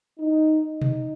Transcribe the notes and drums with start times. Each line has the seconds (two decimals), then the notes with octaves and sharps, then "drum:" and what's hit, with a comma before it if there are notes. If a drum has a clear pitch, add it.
0.19 D#4
0.62 D#4
0.82 drum: tom B2